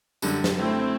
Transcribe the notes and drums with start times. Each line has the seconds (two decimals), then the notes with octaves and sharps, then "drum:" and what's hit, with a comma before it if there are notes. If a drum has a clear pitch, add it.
0.22 F#2 D3 G3, drum: tambourine
0.44 drum: snare
0.57 A3 C4 E4